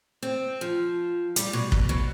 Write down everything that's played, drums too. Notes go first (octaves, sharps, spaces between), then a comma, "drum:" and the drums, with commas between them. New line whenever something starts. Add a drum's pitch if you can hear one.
C4
F3
G3, drum: hi-hat
B2
drum: kick
B2